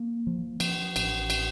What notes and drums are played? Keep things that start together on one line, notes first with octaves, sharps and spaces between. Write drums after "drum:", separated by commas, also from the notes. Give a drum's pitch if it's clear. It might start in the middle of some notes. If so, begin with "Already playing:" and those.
Already playing: A#3
F3
F3, drum: cymbal
A1, drum: cymbal
drum: cymbal